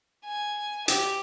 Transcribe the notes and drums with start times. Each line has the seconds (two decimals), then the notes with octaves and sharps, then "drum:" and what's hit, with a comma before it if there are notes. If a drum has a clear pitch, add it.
0.25 G#5
0.88 G4, drum: hi-hat